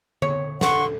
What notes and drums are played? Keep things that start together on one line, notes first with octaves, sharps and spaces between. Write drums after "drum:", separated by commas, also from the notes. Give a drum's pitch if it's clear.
C#5, drum: tom D3
D3 F#5 C6 C#6, drum: snare